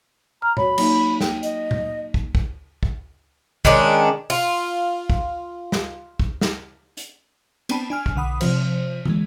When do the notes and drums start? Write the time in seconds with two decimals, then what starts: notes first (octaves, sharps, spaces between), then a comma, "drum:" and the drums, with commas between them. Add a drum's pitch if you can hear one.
0.42 A#5 F6
0.57 F#4 C#5 B5, drum: tom A#2
0.78 F#3 A#3 D#4, drum: cymbal
1.20 G5, drum: snare
1.43 D#5, drum: hi-hat
1.71 drum: tom A#2
2.14 drum: kick
2.35 drum: kick
2.83 drum: kick
3.65 D#3 G#3 C#4 D4, drum: kick
4.30 F4, drum: open hi-hat
5.10 drum: kick
5.72 drum: snare
6.20 drum: kick
6.41 drum: snare
6.97 drum: hi-hat
7.69 B3 C4 D4 G5 A5 B5, drum: cymbal
7.90 D4 G#5 F6
8.06 drum: kick
8.16 B1 D3 F#5 B5 D#6
8.41 C3 F3 C5, drum: cymbal
9.05 E3 G#3, drum: tom